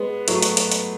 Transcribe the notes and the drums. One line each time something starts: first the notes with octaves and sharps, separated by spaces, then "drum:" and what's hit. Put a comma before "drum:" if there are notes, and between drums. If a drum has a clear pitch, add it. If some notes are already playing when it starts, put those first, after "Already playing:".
Already playing: G#3 B3
F#3 A3, drum: hi-hat
drum: hi-hat
drum: hi-hat
drum: hi-hat